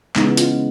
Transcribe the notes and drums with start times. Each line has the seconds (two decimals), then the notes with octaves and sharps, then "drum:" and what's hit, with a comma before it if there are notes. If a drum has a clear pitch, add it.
0.15 C#3 E3 G#3 B3 D#4, drum: clap
0.37 F4, drum: hi-hat